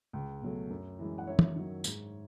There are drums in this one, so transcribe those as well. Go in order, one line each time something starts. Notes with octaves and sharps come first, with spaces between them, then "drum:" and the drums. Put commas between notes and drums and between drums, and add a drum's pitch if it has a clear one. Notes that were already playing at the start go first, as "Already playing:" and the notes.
C#2
B2 F#3 A3
F#2
E3 G#3
F#5
F#2 C#5 E5
drum: tom
D#3 F#3
G#2, drum: tambourine